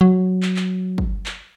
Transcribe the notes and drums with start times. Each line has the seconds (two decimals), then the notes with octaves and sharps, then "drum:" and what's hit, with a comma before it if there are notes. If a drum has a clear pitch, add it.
0.01 F#3
0.43 drum: clap
0.56 drum: clap
0.98 drum: kick
1.26 drum: clap